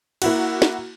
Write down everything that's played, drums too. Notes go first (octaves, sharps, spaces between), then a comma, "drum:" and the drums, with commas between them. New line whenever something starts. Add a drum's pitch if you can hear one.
A#3 E4 F#4, drum: cymbal
drum: snare